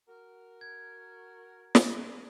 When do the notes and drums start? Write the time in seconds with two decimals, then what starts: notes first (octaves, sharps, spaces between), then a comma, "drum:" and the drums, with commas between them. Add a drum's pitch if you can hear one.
0.09 F#4 A#4
0.61 G#6
1.75 drum: snare